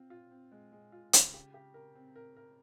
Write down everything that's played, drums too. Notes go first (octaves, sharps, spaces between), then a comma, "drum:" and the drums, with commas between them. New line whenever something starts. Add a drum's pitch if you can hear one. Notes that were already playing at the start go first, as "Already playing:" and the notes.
Already playing: C4 F4
F4
C4
G#3
G#3
F4
C#3, drum: hi-hat
G4
G4
A#4
C4
A#4
A#4